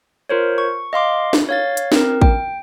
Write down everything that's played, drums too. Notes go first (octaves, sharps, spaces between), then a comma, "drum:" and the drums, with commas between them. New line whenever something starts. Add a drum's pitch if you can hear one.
F4 A#4 C5 C#5
C#6
D#5 F5 C6 D6
drum: snare
C#5 F5 A6
drum: hi-hat
C4 A#4, drum: snare
G5, drum: kick A1